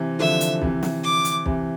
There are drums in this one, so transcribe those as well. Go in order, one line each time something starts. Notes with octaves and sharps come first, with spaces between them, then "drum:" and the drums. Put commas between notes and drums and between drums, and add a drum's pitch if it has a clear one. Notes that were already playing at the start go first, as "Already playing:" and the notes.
Already playing: C3 E3
D3 F3 E5
drum: hi-hat
C3 E3, drum: kick
drum: snare
D6
drum: hi-hat
C3 E3, drum: kick